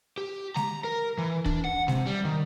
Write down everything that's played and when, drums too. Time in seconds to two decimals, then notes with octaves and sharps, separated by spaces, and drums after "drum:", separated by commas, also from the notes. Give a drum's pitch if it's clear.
0.18 G4
0.56 A#5, drum: snare G#3
0.84 A#4
1.18 E3
1.46 D4, drum: kick
1.65 F#5
1.88 C3, drum: snare G#3
2.06 G3
2.25 D#3